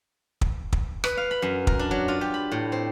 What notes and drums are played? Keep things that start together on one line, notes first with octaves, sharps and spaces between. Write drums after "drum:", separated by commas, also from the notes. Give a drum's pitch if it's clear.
drum: kick
drum: kick
B4, drum: rim click
F5
B5
F#2
A#4, drum: kick
D4
F#3
F4
G4
B5
A2
C4